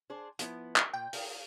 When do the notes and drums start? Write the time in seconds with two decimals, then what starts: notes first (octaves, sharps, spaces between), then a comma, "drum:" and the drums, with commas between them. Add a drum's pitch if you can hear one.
0.10 D4 G#4 C5
0.39 F3 B3 E4, drum: hi-hat
0.76 drum: clap
0.93 A#2 G5
1.13 G#4 A#4, drum: open hi-hat